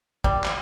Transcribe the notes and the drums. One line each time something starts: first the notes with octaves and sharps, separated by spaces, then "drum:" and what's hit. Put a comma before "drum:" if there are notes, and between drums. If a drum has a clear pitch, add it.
G3, drum: kick
drum: clap